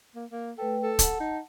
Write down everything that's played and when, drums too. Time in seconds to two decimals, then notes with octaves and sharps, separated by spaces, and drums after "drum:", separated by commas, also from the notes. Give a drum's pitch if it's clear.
0.15 A#3
0.32 A#3
0.58 A3 A4 B4 G5
0.83 A4
0.99 F#5 A5, drum: kick, hi-hat
1.20 D#4